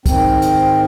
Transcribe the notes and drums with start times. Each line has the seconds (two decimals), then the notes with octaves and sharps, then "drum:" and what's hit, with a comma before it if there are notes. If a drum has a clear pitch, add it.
0.06 G#2 D#3 C4, drum: kick, hi-hat
0.42 drum: hi-hat